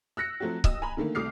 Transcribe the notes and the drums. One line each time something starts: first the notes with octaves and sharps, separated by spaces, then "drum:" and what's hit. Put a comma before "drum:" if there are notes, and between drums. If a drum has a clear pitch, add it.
E6 F#6 A#6 C#7
F3 F#3 A3 C4 F#4
D#2 D#5 D#6 E6 E7, drum: kick C#1
G#5 A#5 B5
D3 D#3 A3 A#3
C2 A3 D6 F6 C7